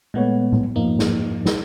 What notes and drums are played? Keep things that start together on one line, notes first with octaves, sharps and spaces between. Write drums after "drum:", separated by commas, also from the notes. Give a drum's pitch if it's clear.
A#2 G#3 A3 B3 C#5
drum: tom A2
F2 G#2 F3 A#3 D#4
drum: snare
drum: snare